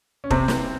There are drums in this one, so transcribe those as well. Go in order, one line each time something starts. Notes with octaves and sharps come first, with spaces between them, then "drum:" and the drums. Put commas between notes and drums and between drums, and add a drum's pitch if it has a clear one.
C#4
C3 C4, drum: kick
drum: snare